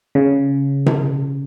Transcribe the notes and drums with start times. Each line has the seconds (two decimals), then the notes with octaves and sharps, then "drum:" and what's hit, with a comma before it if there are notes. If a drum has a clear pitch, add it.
0.15 C#3
0.86 drum: tom C3